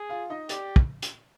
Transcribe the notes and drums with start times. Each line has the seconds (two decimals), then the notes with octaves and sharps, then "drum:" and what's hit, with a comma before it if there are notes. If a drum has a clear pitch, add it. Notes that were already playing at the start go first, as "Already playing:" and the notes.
Already playing: G#4
0.09 F4 F5
0.30 D#4 D#5
0.49 G4 D5, drum: hi-hat
0.76 drum: kick
1.02 drum: hi-hat